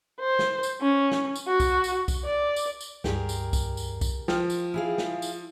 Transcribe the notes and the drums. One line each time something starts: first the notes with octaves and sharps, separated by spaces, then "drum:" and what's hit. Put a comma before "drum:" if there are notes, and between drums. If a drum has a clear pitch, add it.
C5
drum: snare
drum: tambourine
C#4
drum: snare
drum: tambourine
F#4
drum: kick B1, tambourine
drum: tambourine
drum: kick B1, tambourine
D5
drum: tambourine
drum: tambourine
C#2 G2 G4 G#4 A#4, drum: snare
drum: tambourine
drum: kick B1, tambourine
drum: tambourine
drum: kick B1, tambourine
F3 G5 F6, drum: snare
drum: tambourine
E4 G#4 F5
drum: snare
drum: tambourine